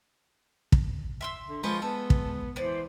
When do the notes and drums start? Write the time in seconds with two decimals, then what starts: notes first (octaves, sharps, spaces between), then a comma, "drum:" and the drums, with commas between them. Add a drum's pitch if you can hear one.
0.72 drum: kick
1.21 E5 C6 E6
1.47 D3
1.63 F3 G#3 B4 C5 C#6
1.82 B3 A4
2.10 drum: kick
2.56 E3 B3 C5 D5